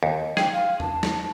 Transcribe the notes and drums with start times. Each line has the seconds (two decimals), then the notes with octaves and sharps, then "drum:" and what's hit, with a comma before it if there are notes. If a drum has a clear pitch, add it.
0.03 D#2
0.37 G#4 G5, drum: snare
0.52 F5
0.80 A5, drum: tom E2
1.03 drum: snare